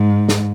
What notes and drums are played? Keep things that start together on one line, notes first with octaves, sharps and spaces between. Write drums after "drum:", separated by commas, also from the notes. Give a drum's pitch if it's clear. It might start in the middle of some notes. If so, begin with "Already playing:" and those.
Already playing: G#2
drum: snare